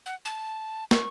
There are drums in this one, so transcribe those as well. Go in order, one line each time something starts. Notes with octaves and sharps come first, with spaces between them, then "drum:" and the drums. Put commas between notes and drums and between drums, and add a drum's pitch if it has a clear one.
F#5
A5
C#6, drum: snare